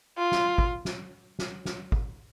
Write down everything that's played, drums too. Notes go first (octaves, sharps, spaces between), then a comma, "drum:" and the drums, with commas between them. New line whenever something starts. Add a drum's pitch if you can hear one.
F4
drum: snare
drum: kick G#1
drum: snare
drum: snare
drum: snare
drum: kick G#1